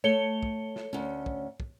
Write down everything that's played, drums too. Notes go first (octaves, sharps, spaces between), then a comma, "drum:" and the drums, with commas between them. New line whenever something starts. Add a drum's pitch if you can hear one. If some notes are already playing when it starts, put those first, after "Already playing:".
A3 C#5 C#7 G7
drum: kick
drum: snare
D2 C#4
drum: kick
drum: kick